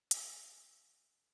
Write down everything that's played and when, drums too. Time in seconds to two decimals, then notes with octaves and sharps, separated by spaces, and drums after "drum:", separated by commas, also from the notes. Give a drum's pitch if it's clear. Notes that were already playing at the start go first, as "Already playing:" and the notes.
0.11 D3, drum: hi-hat
0.48 B2
0.79 D3